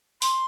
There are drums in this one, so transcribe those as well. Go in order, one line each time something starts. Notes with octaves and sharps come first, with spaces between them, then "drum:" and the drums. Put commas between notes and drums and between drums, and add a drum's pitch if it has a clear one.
C6, drum: open hi-hat